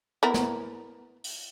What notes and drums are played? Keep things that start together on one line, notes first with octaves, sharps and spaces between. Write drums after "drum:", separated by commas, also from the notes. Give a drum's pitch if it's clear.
B3 E4 A#4
drum: snare
drum: open hi-hat